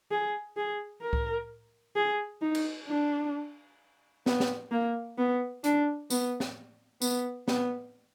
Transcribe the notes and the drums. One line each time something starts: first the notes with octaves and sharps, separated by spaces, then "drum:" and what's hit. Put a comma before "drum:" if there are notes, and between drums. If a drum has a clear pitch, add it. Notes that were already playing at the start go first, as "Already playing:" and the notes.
G#4
G#4
A#4
drum: kick C2
G#4
D#4
drum: cymbal
D4
B3, drum: snare
drum: snare
A#3
B3
D4, drum: hi-hat
B3, drum: tambourine
drum: snare
B3, drum: tambourine
B3, drum: snare